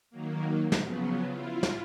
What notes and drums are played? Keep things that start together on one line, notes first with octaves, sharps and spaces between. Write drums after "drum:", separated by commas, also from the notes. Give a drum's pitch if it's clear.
D#3 F#3 A#3
C#3 F3 F#3 B3, drum: snare
E4 F4
drum: snare